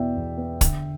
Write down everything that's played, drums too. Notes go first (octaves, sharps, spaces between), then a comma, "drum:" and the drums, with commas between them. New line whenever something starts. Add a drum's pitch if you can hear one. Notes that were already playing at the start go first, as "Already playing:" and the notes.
Already playing: E2 B2 B3 E4 D5 E5 G5
E2
B3
D3, drum: kick, hi-hat